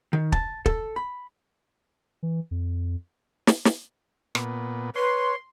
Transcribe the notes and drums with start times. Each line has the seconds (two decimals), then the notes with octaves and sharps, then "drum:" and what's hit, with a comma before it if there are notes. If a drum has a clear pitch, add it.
0.13 D#3
0.32 A5, drum: kick
0.66 A4, drum: kick
0.96 B5
2.23 E3
2.51 F2
3.47 drum: snare
3.65 drum: snare
4.35 A#2 B3, drum: rim click
4.96 B4 C#5 C6